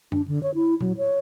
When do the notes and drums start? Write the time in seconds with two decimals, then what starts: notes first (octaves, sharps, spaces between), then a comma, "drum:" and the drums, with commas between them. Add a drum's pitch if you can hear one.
0.12 D4, drum: tom F#2
0.28 D3
0.43 C#5
0.55 E4
0.81 F#3, drum: tom A#2
0.98 C#5